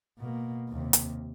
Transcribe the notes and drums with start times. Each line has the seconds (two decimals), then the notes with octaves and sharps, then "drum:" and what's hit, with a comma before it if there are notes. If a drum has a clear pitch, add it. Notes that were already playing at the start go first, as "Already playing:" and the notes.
0.19 B2 A#3
0.69 D#2 C3
0.93 drum: hi-hat